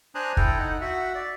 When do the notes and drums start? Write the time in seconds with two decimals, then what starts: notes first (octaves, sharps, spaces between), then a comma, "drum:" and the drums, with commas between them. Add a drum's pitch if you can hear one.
0.15 D4 C5 G#5 A#5 D#6 F#6
0.37 E4 A4 G5 A#5, drum: kick
0.58 D#4 F#5
0.81 F#4 E5 F#5
1.15 D5